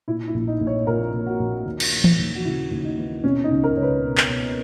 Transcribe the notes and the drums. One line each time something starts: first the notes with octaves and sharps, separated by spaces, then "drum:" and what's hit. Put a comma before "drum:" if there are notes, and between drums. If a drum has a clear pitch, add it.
A#2 E4
E4
A#1
D#4
A#1
C#5
A#2 A#4
A#2
F#4
A#1
D#2
drum: cymbal
E3
drum: tom E3
D#2
F#4
C#3 E4
D#2
D#4
E3
B2 C#4
D#4
C#2
A#4
C#2 C#5
B4
B2
drum: clap
B2